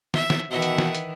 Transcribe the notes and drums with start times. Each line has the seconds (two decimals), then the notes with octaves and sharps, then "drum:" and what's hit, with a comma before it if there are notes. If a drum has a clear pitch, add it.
0.14 E5, drum: snare
0.30 drum: snare
0.51 B2 D#3 E3 E5 F#5
0.62 drum: hi-hat
0.78 drum: snare
0.95 drum: hi-hat